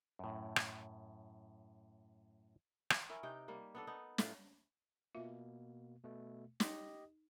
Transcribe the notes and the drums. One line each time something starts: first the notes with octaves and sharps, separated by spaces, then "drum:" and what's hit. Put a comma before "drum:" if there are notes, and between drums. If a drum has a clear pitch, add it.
F#2 A2
drum: rim click
drum: rim click
C#4 E4 A#4
C3 D#4 G5
G3 A#3
B3 D4 A4
B3 D#4
A2 F4, drum: snare
B2 A#3 F4 E5
B2 A3
D#4 G4 D#5, drum: snare